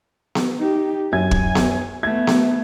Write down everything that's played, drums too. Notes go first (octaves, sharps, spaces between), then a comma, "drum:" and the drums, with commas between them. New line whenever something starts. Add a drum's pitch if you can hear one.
drum: snare B3
D#4 G4
F#2 G#5 G#6
drum: kick
drum: snare B3
A3 B3 G#6
drum: snare B3